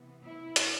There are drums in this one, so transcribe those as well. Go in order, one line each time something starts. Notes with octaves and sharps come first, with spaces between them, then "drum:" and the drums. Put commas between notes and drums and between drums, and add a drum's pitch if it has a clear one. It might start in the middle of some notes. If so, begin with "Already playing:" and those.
Already playing: C3 E3 B3
E4
drum: hi-hat